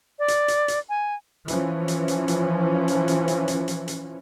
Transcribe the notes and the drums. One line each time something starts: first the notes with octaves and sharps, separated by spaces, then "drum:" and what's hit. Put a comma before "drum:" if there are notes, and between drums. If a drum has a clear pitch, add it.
D5
drum: hi-hat
drum: hi-hat
drum: hi-hat
G#5
E3 F3 C#4, drum: hi-hat
drum: hi-hat
drum: hi-hat
drum: hi-hat
drum: hi-hat
drum: hi-hat
drum: hi-hat
drum: hi-hat
drum: hi-hat
drum: hi-hat